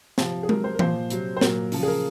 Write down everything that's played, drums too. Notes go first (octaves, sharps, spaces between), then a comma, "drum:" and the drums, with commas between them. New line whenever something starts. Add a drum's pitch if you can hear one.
C3 F3, drum: snare
G#4
C3 F#3 A#4, drum: tom G#3
C5
A#4
A#2 F3 C5, drum: tom E3
C3 F#3, drum: hi-hat
C5
A#2 F#3 A#4, drum: snare
C#3 F3, drum: open hi-hat
G#4
A#4